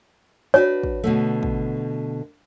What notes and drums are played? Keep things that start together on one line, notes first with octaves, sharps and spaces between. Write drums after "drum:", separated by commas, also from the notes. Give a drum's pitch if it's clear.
D4 F#4 B4 C#5
drum: kick
B2 D3 A3
drum: kick